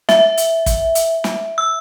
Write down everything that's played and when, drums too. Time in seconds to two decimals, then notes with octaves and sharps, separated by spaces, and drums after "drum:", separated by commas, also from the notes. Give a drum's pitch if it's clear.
0.09 E5, drum: snare
0.37 drum: hi-hat
0.66 drum: kick, hi-hat
0.95 drum: hi-hat
1.24 drum: snare
1.58 E6